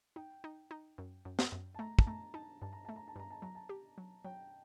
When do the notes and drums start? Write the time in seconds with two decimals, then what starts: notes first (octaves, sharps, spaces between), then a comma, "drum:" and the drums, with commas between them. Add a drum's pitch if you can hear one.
0.16 D#4 G5
0.44 D#4
0.71 D#4
0.98 F#2
1.25 F#2
1.39 drum: snare
1.52 F#2
1.74 A5
1.79 A3 A#5
1.99 A5, drum: kick
2.07 A3 A#5
2.34 D#4 A5
2.61 G2 A5
2.73 A#5
2.85 A3 A5
2.96 A#5
3.08 A5
3.16 G2 A#5
3.31 A5
3.42 F#3 A#5
3.55 A5
3.69 G4
3.98 F#3
4.24 F#3 G5